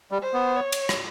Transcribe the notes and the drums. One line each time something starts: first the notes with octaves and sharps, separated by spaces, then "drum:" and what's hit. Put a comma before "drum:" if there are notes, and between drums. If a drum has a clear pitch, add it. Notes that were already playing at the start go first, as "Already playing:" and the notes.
G3
C5
B3
C#5
drum: cymbal
drum: rim click